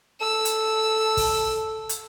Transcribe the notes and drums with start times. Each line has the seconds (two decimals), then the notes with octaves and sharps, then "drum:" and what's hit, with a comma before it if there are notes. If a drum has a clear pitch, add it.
0.21 A4 E6
0.45 drum: hi-hat
1.17 drum: kick, open hi-hat
1.89 drum: hi-hat